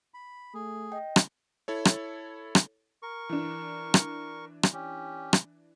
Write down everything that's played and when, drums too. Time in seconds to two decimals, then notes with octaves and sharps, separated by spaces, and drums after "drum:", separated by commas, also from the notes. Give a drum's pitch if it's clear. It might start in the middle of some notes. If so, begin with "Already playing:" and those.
0.14 B5
0.54 A3 G#4
0.92 D#5 G5
1.16 drum: rim click
1.68 E4 A4 C#5
1.85 drum: rim click
2.55 drum: rim click
3.03 A#4 C#6
3.29 E3 D4
3.94 drum: rim click
4.63 drum: rim click
4.73 C#4 G4
5.33 drum: rim click